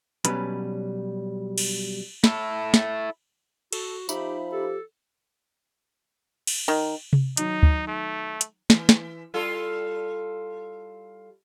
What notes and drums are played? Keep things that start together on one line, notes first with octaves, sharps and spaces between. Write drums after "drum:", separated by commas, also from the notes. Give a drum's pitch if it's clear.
B2 F#3 G3 C#4 B4 B5, drum: hi-hat
drum: cymbal
E4 A4, drum: snare
drum: snare
F#4 A4, drum: cymbal
F3 D#4 G4 E5 B5, drum: tambourine
G4 A4
drum: cymbal
D#3
drum: tom C3
D#3 F#3 D#4, drum: hi-hat
drum: kick D2
A3
drum: hi-hat
E3, drum: snare
drum: snare
G3 F4 A4